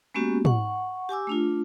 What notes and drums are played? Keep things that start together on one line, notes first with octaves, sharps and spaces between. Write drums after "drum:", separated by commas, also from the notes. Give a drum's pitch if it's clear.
G#3 A#3 B3 C#4 F#4 G4
F#5 C#6, drum: tom
G4 G#5 D6 E6
A3 D4 F4